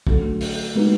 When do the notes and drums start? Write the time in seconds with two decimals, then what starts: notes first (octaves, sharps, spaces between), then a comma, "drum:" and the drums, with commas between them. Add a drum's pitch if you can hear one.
0.07 D3 F#3 A3, drum: kick
0.41 drum: open hi-hat
0.75 G#3 B3 D#4 F#4 B4